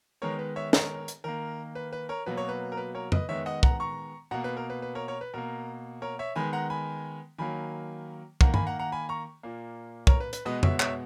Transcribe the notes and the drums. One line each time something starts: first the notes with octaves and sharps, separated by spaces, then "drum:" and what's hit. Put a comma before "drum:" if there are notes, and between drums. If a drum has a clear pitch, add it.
D#3 G#3 B3 A#4 C#5
B4
C#5 E5
A#4 C#5, drum: snare
drum: hi-hat
D#3 A#3 A#4
B4
B4
A#4 C#5
B2 F#3 A#3 B4
C#5
B4
A#4
B4
A#4 C#5
B4 D#5, drum: tom F2
D#3 G#3 B3 C#5 E5
D#5 F#5
F#5 A#5, drum: kick
A#5 C#6
B2 A#3 F#5 A#5
B4
A#4
B4
B4
A#4 C#5
A#4 C#5
B4
B2 A#3 A#4
A#4 C#5
C#5 E5
D#3 G#3 B3 G#5 B5
F#5 A#5
G#5 B5
D#3 F#3 A#3 G#5 B5
D#3 A#3 F#5 A#5, drum: kick
G#5 B5, drum: tom G2
F#5 A#5
F#5 A#5
G#5 B5
A#5 C#6
A#2 A#3
A#4 C#5, drum: kick
B4
B4, drum: hi-hat
B2 G#3 B3 B4 D#5
C#5 E5, drum: tom F2
C#5 E5, drum: clap